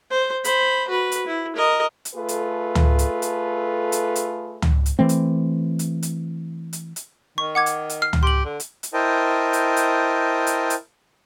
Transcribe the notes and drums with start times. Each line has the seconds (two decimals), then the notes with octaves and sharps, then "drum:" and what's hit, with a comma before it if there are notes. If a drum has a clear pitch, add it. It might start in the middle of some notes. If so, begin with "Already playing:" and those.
0.10 C5
0.44 C5 B5, drum: hi-hat
0.88 F#4 B4
1.12 drum: hi-hat
1.26 E4
1.56 A#4 D#5
2.05 drum: hi-hat
2.15 A3 F4 G#4 A4 B4
2.29 drum: hi-hat
2.75 drum: tom C#2
2.99 drum: hi-hat
3.22 drum: hi-hat
3.92 drum: hi-hat
4.16 drum: hi-hat
4.62 drum: tom C#2
4.86 drum: hi-hat
4.99 E3 A3 C4
5.09 drum: hi-hat
5.79 drum: hi-hat
6.03 drum: hi-hat
6.73 drum: hi-hat
6.96 drum: hi-hat
7.38 D#3 C#6
7.55 F#5 D6 G#6
7.66 drum: hi-hat
7.90 drum: hi-hat
8.02 F6 C7
8.13 drum: tom C#2
8.23 G4 C6 F#7
8.45 D3
8.60 drum: hi-hat
8.83 drum: hi-hat
8.94 E4 A#4 C5 D#5 G5 A5
9.53 drum: hi-hat
9.76 drum: hi-hat
10.47 drum: hi-hat
10.70 drum: hi-hat